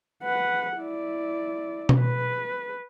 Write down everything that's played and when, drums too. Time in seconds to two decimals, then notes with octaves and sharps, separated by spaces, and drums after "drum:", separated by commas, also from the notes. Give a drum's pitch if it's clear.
0.23 B4 F#5
0.78 E4 D5
1.89 drum: tom B2
2.01 B4